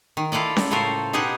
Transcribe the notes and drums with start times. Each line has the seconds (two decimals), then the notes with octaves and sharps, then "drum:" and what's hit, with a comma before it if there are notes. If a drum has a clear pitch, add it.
0.17 D#3
0.32 E4 F4 A4 D5 D#5
0.57 drum: snare C#4
0.71 A2 C#3 F4 A4 A#4 C5
1.13 B2 D#4 G4 G#4 F#5